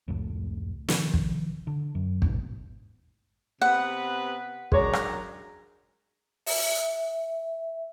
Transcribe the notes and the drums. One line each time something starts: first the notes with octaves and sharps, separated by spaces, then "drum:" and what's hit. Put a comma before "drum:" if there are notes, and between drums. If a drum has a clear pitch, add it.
F1 C#2 A2
C3 D#3 F3, drum: snare
drum: kick
D3
F#2
E1 A1 G#2 B2, drum: kick
C3 B3 B4 F#5
F#2 G#3 D4 C#5 A#5, drum: kick
drum: rim click
E5, drum: open hi-hat